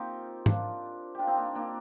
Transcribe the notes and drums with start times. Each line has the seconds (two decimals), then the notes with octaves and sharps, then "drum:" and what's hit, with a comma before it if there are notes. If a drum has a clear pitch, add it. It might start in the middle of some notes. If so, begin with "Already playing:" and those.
Already playing: A#3 C4 D#4 F4 G4
0.46 D4 F4, drum: tom G#2
1.15 D4 F4 G4
1.27 C4 D#4
1.36 A#3 D4
1.55 A#3 D4